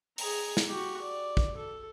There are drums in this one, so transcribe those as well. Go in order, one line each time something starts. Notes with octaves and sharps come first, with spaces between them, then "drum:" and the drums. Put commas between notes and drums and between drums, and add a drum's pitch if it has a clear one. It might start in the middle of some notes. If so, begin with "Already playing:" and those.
G#4 A#5, drum: open hi-hat
drum: snare
F#4 G4
D5
drum: kick
A4